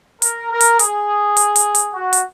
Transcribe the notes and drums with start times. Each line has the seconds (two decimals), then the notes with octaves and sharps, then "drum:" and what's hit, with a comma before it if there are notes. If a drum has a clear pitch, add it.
0.22 A#4, drum: hi-hat
0.51 A#4
0.60 drum: hi-hat
0.79 G#4, drum: hi-hat
1.37 drum: hi-hat
1.56 drum: hi-hat
1.75 drum: hi-hat
1.93 F#4
2.13 drum: hi-hat